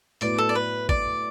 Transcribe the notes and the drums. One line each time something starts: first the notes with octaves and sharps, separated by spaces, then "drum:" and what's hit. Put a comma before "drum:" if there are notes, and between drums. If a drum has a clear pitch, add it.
A2 F#3 B3 E4 D5, drum: hi-hat
A4
D5
B4
D5, drum: kick G#1